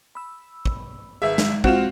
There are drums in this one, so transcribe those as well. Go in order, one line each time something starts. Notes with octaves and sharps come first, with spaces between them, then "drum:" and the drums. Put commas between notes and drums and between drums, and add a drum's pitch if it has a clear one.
B5 E6
drum: kick
G#1 G#4 B4 E5
G#3, drum: snare
C4 F4 F#4 E7, drum: kick